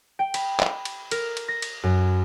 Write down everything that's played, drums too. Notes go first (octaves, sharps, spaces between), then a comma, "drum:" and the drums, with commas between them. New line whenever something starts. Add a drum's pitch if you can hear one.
G5
B5, drum: cymbal
drum: clap
drum: cymbal
A#4, drum: cymbal
drum: cymbal
A#6
drum: cymbal
F#2